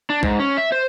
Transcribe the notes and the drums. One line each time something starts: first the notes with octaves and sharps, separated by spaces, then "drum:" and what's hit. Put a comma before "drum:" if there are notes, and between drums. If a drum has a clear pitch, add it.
D4
G#2, drum: kick A#1
C#4
E5
C5